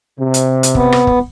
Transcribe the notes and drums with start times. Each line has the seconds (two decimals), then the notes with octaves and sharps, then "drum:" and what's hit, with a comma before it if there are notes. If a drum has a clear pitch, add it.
0.19 C3
0.34 drum: hi-hat
0.63 drum: hi-hat
0.75 B3, drum: kick
0.92 drum: rim click
1.07 drum: kick